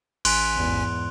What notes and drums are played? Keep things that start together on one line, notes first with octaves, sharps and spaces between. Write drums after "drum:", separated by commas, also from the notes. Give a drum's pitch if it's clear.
A1 G#5 C6 F#6 B6, drum: cymbal
E2 G#2